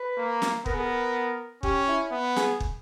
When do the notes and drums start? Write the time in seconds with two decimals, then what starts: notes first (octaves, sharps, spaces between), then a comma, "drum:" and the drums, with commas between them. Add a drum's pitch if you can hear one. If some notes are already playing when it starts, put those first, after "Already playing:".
Already playing: B4
0.18 A#3
0.42 drum: snare
0.66 B3 A#4, drum: kick
0.74 G#4
0.83 A#4
1.63 C#4 G4, drum: kick
1.88 E4
2.12 B3
2.36 G#4, drum: snare
2.60 drum: kick